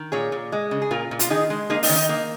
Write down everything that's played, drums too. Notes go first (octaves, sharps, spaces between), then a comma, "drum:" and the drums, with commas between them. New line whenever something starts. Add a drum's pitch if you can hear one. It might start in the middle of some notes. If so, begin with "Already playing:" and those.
Already playing: D#3
A#2 G#4 C#5
A#2
G#3
C#3
G#4
A#2 F4 A#4
A#2
F4, drum: hi-hat
D#3 D#4 G#4
G#3
A#3 D#4 G#4
D#4, drum: open hi-hat
D#3
D#4
A#3